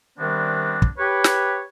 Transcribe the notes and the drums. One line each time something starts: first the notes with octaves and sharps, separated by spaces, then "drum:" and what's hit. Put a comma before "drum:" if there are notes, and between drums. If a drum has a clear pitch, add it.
C3 D#3 G3 B3 C4 D4
drum: kick
G4 B4 C#5
drum: snare